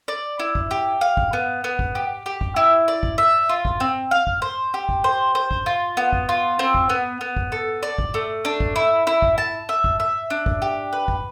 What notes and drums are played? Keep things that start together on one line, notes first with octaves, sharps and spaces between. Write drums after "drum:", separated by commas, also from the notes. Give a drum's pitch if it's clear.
D5
E4
drum: kick
G4
F5
drum: kick
B3
B3
drum: kick
G4
G4
drum: kick
E4
D5
drum: kick
E5
F4
drum: kick
C4
F5
drum: kick
C5
G4
drum: kick
C5
C5
drum: kick
F4
B3
drum: kick
F4
C4
drum: kick
B3
B3
drum: kick
A4
D5
drum: kick
A3
D4
drum: kick
E4
E4
drum: kick
A5
E5
drum: kick
E5
D4
drum: kick
G4
B4
drum: kick